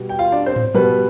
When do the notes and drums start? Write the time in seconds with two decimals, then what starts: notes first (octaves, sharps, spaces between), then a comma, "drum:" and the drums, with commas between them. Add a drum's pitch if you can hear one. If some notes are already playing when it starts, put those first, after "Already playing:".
Already playing: B2 G3 B3
0.09 G5
0.19 F4 F5
0.32 D4 D5
0.46 C4 C5
0.56 drum: tom
0.74 B2 G3 B3 B4, drum: tom F3